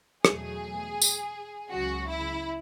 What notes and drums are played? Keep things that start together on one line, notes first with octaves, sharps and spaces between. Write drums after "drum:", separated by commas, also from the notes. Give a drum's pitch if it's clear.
E2 B2 F#3 A3 G#4, drum: rim click
drum: tambourine
C#2 C#3 F#3 F#4
E4